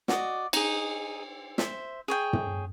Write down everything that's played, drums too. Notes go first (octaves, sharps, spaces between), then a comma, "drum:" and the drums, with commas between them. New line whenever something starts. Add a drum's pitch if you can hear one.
F#4 D5 D#5, drum: snare
D#4 G#4, drum: cymbal
C5 E5, drum: snare
G#4 C#5 G5
drum: tom